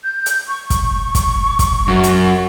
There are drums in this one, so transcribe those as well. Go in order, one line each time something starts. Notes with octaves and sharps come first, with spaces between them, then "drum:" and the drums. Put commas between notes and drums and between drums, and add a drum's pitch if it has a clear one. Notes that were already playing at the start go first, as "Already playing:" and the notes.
G6
drum: hi-hat
C#6
drum: kick, hi-hat
drum: kick, hi-hat
drum: kick, hi-hat
F#2
drum: hi-hat